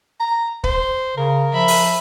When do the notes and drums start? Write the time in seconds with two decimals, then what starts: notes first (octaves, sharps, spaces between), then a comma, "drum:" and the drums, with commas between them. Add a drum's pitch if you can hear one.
0.20 A#5
0.64 C5, drum: kick
1.17 C#3 A#4
1.53 F3 E5 B5
1.68 drum: open hi-hat